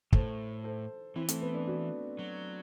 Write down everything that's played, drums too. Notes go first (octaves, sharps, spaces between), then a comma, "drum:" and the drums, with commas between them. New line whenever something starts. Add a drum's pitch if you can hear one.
A2 A4 C5, drum: kick
A4 C5
E3 C4 E4
A3 C4, drum: hi-hat
B3
B3 D4
D4 F#4
F#3